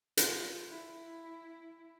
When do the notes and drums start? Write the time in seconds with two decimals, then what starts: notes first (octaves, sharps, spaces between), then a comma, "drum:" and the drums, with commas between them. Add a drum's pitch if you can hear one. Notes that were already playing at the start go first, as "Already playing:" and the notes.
0.17 F4, drum: hi-hat
0.69 E4